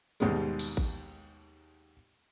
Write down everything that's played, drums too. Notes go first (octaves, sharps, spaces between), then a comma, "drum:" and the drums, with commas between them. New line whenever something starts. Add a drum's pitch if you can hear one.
D#2 G#2 B2 G3 G#3, drum: tambourine
drum: cymbal
drum: kick A1